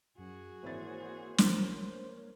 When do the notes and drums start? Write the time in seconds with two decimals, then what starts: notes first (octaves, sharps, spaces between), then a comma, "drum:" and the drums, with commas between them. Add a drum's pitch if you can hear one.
0.18 F#2 F#4 G#4
0.63 G#1 E3 A#3 A#4 C5 C#5 A6
1.38 drum: snare